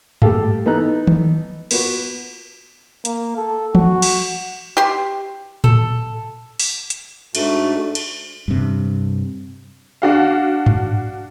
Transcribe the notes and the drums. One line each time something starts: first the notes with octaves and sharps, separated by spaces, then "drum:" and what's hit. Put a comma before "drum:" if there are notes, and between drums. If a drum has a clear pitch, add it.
G3 A3 G4 A4 F5, drum: tom G2
E3 B3 D#4 A4 A#5 F#6
drum: tom D#3
B3 F4 F#4 B4, drum: cymbal
A#3, drum: hi-hat
A4
F#4, drum: tom E3
drum: cymbal
G4 C6
A4, drum: tom A2
drum: open hi-hat
drum: hi-hat
G#2 A3 D4 F#4, drum: cymbal
drum: cymbal
G2 C3
D4 F#4 F5
drum: tom G2